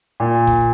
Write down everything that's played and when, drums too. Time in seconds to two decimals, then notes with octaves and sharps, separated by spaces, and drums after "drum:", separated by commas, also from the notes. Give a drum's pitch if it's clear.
0.20 A#2
0.47 drum: kick G1